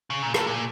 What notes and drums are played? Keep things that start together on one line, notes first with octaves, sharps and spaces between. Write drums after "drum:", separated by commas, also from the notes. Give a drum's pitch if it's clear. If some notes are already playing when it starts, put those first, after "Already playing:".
C#3
A#2
A2, drum: rim click
A#2